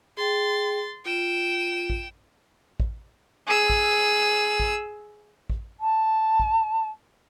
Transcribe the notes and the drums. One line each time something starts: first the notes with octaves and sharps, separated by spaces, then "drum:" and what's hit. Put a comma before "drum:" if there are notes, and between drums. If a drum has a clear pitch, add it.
G#4 G5 C6 A6
F4 G5 E7
drum: kick A1
drum: kick A1
G#4 E6
drum: kick A1
drum: kick A1
drum: kick A1
A5
drum: kick A1